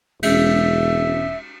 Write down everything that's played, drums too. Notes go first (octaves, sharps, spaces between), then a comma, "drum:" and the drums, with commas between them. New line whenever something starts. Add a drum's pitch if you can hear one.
E1 G#3 C#4 E5, drum: cymbal